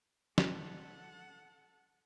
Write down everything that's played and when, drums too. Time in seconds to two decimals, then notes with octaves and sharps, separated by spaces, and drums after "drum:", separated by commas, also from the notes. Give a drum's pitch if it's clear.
0.38 A4 F#5, drum: snare